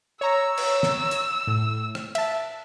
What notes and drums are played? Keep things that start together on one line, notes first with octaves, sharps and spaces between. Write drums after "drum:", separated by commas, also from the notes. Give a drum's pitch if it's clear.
C#5 A#5 E6
drum: cymbal
drum: snare
drum: hi-hat
A2
drum: rim click
E5 A5, drum: cymbal